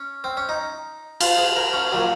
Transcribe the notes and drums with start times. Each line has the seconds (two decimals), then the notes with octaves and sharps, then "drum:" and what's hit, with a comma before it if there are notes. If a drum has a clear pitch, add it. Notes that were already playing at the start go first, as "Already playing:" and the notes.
Already playing: C#4
0.24 C4
0.37 C#4
0.49 D#4
1.21 F4, drum: cymbal
1.38 G#4
1.56 A#4
1.73 C#4
1.92 A#2 F#3